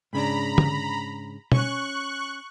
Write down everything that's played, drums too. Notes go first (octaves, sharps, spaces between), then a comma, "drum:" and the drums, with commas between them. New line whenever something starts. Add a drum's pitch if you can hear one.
G#2 C#3 D4 A#5 B5
drum: tom
C#4 C#6 F#6, drum: tom